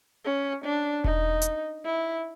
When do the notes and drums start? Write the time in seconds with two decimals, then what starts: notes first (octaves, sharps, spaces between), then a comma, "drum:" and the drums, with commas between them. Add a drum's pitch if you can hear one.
0.25 C#4
0.64 D4
1.04 D#4, drum: kick E1
1.42 drum: hi-hat
1.85 E4